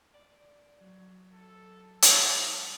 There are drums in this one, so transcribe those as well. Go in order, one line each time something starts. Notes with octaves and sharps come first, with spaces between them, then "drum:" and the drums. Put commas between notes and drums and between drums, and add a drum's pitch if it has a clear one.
D5
F#3
A4
G#5, drum: hi-hat
D#6